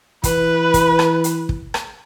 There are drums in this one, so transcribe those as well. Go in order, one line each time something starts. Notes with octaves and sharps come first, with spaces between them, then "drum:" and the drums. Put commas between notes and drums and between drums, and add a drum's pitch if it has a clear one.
E3 B4, drum: kick, hi-hat
drum: kick, hi-hat
drum: rim click
drum: hi-hat
drum: kick
drum: rim click